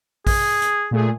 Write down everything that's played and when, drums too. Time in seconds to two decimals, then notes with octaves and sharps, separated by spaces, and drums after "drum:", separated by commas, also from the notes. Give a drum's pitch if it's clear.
0.27 G#4, drum: kick, open hi-hat
0.62 drum: hi-hat
0.91 A#2 A3 G#4